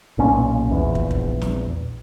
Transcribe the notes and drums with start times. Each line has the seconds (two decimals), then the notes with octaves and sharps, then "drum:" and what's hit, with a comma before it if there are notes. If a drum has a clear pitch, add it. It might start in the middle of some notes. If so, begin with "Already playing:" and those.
0.18 B1 A#2 C#4
0.71 A#1 E2
0.95 drum: kick
1.11 drum: kick
1.42 drum: snare